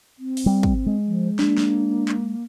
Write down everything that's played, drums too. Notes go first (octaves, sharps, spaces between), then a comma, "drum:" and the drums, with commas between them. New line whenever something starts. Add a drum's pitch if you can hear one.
C4
drum: open hi-hat
G3
drum: kick
G#3
F3
A#3 D4, drum: snare
drum: snare
drum: clap